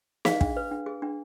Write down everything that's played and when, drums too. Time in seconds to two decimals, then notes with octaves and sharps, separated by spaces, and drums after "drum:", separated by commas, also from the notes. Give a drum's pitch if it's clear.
0.25 G#4 F5, drum: snare
0.41 D4, drum: kick
0.57 B4
0.71 D4
0.86 G#4
1.02 D4